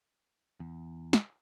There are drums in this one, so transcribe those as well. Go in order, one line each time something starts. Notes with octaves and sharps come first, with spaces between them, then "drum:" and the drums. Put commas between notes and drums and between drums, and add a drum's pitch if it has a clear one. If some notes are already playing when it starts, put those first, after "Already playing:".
E2
drum: snare